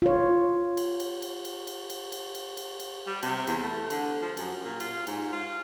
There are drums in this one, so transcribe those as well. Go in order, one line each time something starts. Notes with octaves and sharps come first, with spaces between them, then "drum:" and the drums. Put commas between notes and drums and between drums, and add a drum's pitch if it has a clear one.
F4 C#5
drum: cymbal
drum: cymbal
drum: cymbal
drum: cymbal
drum: cymbal
drum: cymbal
drum: cymbal
drum: cymbal
drum: cymbal
drum: cymbal
G3
C3, drum: cymbal
E2, drum: cymbal
A3
D3, drum: cymbal
F3
F#2, drum: cymbal
A#2
F4, drum: cymbal
G#2, drum: cymbal
F4